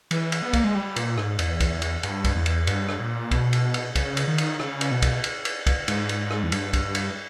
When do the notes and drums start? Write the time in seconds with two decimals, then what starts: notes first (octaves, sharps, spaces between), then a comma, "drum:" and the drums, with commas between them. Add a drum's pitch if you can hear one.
0.11 E3, drum: cymbal
0.32 drum: cymbal
0.42 B3
0.53 A#3, drum: kick, cymbal
0.64 G#3
0.75 G3
0.96 A#2, drum: cymbal
1.18 G#2, drum: rim click
1.39 E2, drum: cymbal
1.60 drum: kick, cymbal
1.82 drum: cymbal
2.03 G2, drum: cymbal
2.24 drum: kick, cymbal
2.35 E2
2.46 drum: cymbal
2.67 G2, drum: cymbal
2.89 drum: rim click
2.99 A#2
3.31 B2, drum: kick, cymbal
3.53 drum: cymbal
3.74 drum: cymbal
3.95 C#3, drum: kick, cymbal
4.17 drum: cymbal
4.28 D#3
4.38 drum: cymbal
4.60 C#3, drum: rim click
4.81 drum: cymbal
4.91 B2
5.02 drum: kick, cymbal
5.24 drum: cymbal
5.45 drum: cymbal
5.66 drum: kick, cymbal
5.88 G#2, drum: cymbal
6.09 drum: cymbal
6.31 drum: rim click
6.43 E2
6.52 G2, drum: cymbal
6.73 drum: kick, cymbal
6.95 drum: cymbal